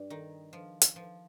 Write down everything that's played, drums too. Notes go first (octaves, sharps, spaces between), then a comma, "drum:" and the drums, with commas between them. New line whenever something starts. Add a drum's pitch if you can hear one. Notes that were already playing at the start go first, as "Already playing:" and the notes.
Already playing: G2
D#3
F3
drum: hi-hat
F3